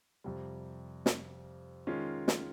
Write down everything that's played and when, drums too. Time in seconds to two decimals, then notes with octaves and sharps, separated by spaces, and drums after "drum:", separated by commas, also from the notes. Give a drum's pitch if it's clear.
0.24 F2 C3 G3
1.06 drum: snare
1.87 D#3 G#3 C#4 F4
2.28 drum: snare